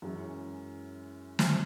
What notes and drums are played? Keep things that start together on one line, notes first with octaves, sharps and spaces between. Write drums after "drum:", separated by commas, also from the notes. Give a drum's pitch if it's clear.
F#2 E3 G#3 C#4
drum: snare